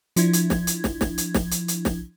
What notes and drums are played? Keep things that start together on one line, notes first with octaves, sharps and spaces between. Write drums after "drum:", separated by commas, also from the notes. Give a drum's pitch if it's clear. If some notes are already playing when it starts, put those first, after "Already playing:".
F3 D4 E4 G#6, drum: hi-hat
drum: hi-hat
drum: snare
drum: hi-hat
drum: snare
drum: snare
drum: hi-hat
drum: snare
drum: hi-hat
drum: hi-hat
drum: snare